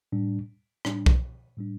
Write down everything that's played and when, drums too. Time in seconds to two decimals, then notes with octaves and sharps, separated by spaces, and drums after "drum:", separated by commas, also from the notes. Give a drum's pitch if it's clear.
0.12 A2 G3 D4
0.85 A2 G3 D4, drum: rim click
1.06 drum: kick B1
1.57 A2 G3 D4